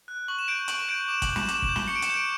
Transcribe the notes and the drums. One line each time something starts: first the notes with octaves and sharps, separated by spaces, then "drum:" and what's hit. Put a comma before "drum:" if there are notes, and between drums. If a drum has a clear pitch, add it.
F#6
C#6 F#7
E7
G6 D7
E7
C#6 F#7, drum: hi-hat
E7
G6 D7
D6 E7
F#7, drum: kick, hi-hat
G6
E7, drum: snare
D6 E7, drum: hi-hat
E7, drum: kick
G6
G7, drum: snare
C#6 C#7
D7
E7, drum: hi-hat
G6
D7